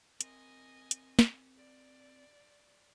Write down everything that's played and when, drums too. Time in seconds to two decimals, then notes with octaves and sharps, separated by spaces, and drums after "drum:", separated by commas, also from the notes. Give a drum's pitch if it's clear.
0.21 C4 A#4 D#5 G#5, drum: hi-hat
0.91 drum: hi-hat
1.19 drum: snare
1.57 D5